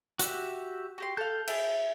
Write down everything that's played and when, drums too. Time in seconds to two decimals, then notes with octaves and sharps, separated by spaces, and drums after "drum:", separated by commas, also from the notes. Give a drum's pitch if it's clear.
0.19 F#4 G4 E5, drum: hi-hat
0.98 F#4 G4 C6
1.17 A4 F5 G6
1.48 E4 G#4, drum: cymbal